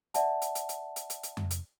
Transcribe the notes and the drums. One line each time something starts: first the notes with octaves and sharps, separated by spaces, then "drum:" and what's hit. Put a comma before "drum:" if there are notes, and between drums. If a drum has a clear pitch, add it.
D5 E5 F#5 A5, drum: hi-hat
drum: hi-hat
drum: hi-hat
drum: hi-hat
drum: hi-hat
drum: hi-hat
drum: hi-hat
drum: tom F2
drum: hi-hat